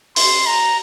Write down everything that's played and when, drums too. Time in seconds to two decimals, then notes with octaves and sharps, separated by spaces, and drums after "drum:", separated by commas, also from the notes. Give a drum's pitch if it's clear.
0.16 C6, drum: open hi-hat
0.46 A#5